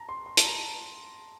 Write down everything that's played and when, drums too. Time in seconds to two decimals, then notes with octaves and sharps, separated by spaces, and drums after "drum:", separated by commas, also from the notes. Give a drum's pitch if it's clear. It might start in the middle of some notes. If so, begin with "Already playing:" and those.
Already playing: A5 A#5
0.09 C6
0.26 C6
0.37 A5, drum: hi-hat
0.44 A#5